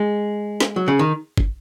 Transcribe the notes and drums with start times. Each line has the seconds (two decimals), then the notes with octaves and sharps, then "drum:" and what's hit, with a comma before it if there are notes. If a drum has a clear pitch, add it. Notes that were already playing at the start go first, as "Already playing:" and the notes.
Already playing: G#3
0.60 drum: snare
0.76 F#3
0.88 C#3
0.99 D#3
1.37 drum: kick